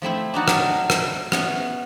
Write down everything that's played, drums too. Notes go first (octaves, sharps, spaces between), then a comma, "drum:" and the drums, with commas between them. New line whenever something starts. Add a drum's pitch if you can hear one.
F3 A3 C4 E4
D4 D#4 F#4 A5
F#3, drum: rim click
drum: rim click
B3 C#4 E4, drum: rim click